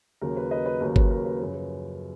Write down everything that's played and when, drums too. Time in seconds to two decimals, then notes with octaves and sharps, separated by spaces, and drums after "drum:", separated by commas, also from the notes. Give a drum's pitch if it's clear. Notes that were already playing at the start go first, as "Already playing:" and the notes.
0.21 D#2 C#3 F#3 A#4
0.37 B4
0.51 B4 D#5
0.66 B4
0.80 D#2 C#3 F#3 A#4
0.96 B4, drum: kick G1
1.11 A#4
1.25 B4
1.40 F#2 C#3 F3 B4
1.54 B4